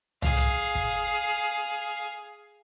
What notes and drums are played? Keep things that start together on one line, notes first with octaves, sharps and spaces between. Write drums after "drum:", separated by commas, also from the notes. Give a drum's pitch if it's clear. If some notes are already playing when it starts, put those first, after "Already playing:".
G#4 F5, drum: tom C2
drum: hi-hat
drum: kick